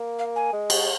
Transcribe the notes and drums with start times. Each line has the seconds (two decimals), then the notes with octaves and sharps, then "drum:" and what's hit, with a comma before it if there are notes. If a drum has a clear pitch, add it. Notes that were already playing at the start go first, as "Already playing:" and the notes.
Already playing: A#3
0.19 F5
0.36 G#5
0.53 G#3
0.70 drum: cymbal